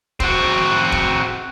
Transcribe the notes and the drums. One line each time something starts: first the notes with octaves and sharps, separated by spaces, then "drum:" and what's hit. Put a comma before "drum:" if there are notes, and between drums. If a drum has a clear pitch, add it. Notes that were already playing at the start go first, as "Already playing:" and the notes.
C4 F#4, drum: kick
drum: kick